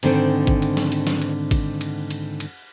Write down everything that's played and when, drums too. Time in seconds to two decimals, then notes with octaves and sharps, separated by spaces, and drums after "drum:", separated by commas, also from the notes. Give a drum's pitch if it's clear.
0.03 G#2 D3 D#3 C4, drum: cymbal
0.47 drum: kick G#1
0.62 drum: cymbal
0.77 drum: snare
0.92 drum: cymbal
1.07 drum: snare
1.22 drum: cymbal
1.51 drum: kick G#1, cymbal
1.81 drum: cymbal
2.11 drum: cymbal
2.40 drum: cymbal